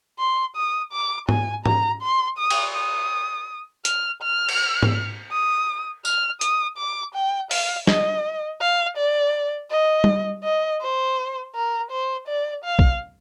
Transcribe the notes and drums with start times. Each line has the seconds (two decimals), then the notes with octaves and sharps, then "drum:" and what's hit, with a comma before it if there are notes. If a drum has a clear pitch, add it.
0.19 C6
0.56 D#6
0.93 D6
1.29 G#5, drum: tom G#2
1.66 A#5, drum: tom G#2
2.02 C6
2.38 D#6
2.50 drum: cymbal
2.75 D#6
3.85 F6, drum: hi-hat
4.22 F6
4.49 drum: cymbal
4.82 drum: tom G#2
5.31 D#6
6.05 F6, drum: tambourine
6.41 D#6, drum: hi-hat
6.78 D6
7.15 G5
7.51 F5, drum: open hi-hat
7.87 D#5, drum: snare
8.61 F5
8.97 D5
9.71 D#5
10.04 drum: tom G3
10.44 D#5
10.82 C5
11.55 A#4
11.91 C5
12.28 D5
12.65 F5
12.79 drum: kick B1